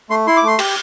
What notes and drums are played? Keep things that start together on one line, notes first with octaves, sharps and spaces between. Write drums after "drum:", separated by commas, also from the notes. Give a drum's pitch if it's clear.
A3 C6
E4 C6
D6
A3 C6
G4, drum: cymbal